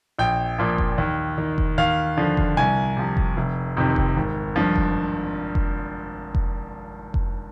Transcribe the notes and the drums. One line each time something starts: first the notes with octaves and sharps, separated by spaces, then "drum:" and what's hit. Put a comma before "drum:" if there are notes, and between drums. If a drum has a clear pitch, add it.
A#1 G5
A#2 F3
drum: kick F1
D#2
D#3
drum: kick F1
D#2 F5
D3 F3
drum: kick F1
C2 G#5
C3 F3
drum: kick F1
F1
F2 C3 D#3
drum: kick F1
G#1
G2 F3
drum: kick F1
drum: kick F1
drum: kick F1
drum: kick F1